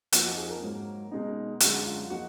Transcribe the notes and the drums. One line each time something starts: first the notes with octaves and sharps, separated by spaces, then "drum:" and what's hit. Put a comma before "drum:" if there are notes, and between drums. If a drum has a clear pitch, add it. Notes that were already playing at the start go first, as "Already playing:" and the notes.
F2 F3 A#3 D#4 F#4, drum: hi-hat
F#4
G#4
A#4
G#2 F#3 A#3
B2 G#3 D#4
F#2 D3 G#3 F#4, drum: hi-hat
F4
F3 A#3 D#4 F#4